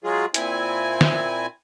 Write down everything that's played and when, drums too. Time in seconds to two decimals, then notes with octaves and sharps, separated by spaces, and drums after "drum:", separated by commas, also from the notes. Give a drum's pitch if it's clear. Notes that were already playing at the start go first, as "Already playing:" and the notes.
0.04 F#3 G#3 F4 G#4
0.34 A#2 C4 E4 G#5, drum: hi-hat
1.01 drum: snare